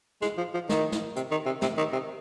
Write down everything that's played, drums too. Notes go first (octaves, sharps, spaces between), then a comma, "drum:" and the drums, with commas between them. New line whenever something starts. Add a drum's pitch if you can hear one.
G#3, drum: snare
F3
F3
D#3, drum: snare
drum: snare
C3, drum: hi-hat
D#3
C3
C3, drum: snare
D#3
C3